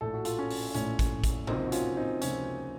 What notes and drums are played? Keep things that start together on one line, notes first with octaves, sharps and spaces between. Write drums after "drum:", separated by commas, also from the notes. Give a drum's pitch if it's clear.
A#1 A2 A3 A4
F#4
F4 A4, drum: hi-hat
C#4
drum: open hi-hat
A#1 A2 A3 C#4, drum: hi-hat
drum: kick A1, hi-hat
drum: kick A1, hi-hat
C#2 C3 F3 A#3 C4 D#4, drum: tom
F#4
C#4 F4, drum: hi-hat
C4 D#4
C#2 C3 F3 A#3 C#4, drum: hi-hat